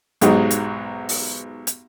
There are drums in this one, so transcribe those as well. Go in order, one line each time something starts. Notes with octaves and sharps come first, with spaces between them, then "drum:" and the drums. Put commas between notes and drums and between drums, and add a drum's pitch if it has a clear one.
B1 G#2 F#3 G4 D#5, drum: hi-hat
drum: hi-hat
drum: open hi-hat
drum: hi-hat